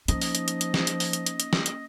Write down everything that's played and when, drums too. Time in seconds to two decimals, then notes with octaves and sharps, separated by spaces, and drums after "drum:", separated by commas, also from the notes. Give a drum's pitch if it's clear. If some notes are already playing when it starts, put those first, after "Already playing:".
0.08 F3 A#3 C#4 D#4 D#5 D#6, drum: hi-hat
0.22 drum: open hi-hat
0.35 drum: hi-hat
0.48 drum: hi-hat
0.61 drum: hi-hat
0.74 drum: snare
0.87 drum: hi-hat
1.00 drum: open hi-hat
1.13 drum: hi-hat
1.26 drum: hi-hat
1.40 drum: hi-hat
1.53 drum: snare
1.66 drum: hi-hat